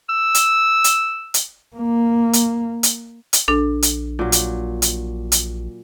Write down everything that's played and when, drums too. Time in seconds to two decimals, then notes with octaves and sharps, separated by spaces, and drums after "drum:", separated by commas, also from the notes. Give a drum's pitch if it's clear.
0.10 E6
0.35 drum: hi-hat
0.84 drum: hi-hat
1.34 drum: hi-hat
1.76 A#3
2.33 drum: hi-hat
2.83 drum: hi-hat
3.33 drum: hi-hat
3.48 A#1 D4 A4
3.82 drum: hi-hat
4.19 A#2 F#3
4.32 drum: hi-hat
4.82 drum: hi-hat
5.32 drum: hi-hat